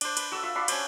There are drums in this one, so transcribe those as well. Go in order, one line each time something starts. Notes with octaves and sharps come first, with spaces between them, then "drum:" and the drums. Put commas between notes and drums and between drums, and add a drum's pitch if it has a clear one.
D4 C5, drum: cymbal
B4, drum: cymbal
F#4 A4 E6
F4 E5
D4 F#4 F5 B5
C#4 C5, drum: cymbal